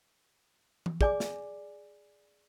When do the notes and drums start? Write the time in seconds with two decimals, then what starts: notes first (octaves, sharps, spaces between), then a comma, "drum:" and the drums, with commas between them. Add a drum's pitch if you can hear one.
0.86 drum: tom E3
1.01 G#4 D5 G#5 D6, drum: kick
1.20 drum: snare